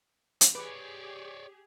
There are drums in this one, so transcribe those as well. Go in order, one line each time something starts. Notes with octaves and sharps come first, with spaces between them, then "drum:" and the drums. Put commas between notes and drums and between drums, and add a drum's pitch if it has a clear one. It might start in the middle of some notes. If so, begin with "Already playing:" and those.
drum: hi-hat
G4 G#4 B4 C#5 D5 D6